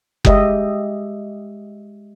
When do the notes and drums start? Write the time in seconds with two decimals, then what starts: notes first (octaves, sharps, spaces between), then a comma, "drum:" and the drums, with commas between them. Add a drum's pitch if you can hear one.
0.25 G#3 G4 D#5 E5, drum: kick F#1